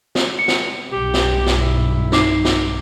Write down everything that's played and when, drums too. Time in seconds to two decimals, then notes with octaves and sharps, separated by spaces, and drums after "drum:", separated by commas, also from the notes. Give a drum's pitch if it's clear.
0.15 drum: snare
0.39 C#7
0.48 drum: snare
0.92 B1 G2 B2 G4
1.13 drum: snare
1.46 drum: snare
1.56 E4
2.12 D#4 D6 C7, drum: snare
2.45 drum: snare